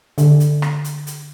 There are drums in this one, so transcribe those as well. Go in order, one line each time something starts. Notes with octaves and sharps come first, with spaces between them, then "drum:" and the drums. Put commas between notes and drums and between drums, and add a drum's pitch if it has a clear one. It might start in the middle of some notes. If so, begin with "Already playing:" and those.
D3, drum: hi-hat
drum: hi-hat
drum: rim click
drum: hi-hat
drum: hi-hat